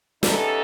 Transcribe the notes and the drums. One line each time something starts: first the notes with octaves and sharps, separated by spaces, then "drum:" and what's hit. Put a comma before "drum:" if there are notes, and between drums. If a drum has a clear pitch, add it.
C#3 E3 G3 B3 D#4 A4, drum: snare